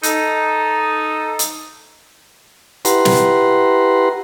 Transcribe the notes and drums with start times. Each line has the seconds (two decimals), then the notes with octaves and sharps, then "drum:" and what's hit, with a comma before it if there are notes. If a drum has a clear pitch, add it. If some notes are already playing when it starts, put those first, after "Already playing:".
0.03 D#4 A4, drum: hi-hat
1.39 drum: hi-hat
2.85 E4 G4 B4 F#5 A#5 C6, drum: hi-hat
3.05 drum: snare